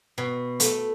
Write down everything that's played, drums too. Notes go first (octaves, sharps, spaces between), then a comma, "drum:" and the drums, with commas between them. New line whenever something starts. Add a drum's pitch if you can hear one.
B2
A3, drum: hi-hat